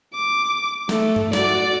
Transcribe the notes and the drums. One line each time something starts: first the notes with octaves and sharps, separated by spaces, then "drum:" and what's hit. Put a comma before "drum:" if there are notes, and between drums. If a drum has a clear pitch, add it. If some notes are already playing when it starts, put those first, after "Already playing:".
D6
A3, drum: snare
drum: tom G2
F#4 D5, drum: snare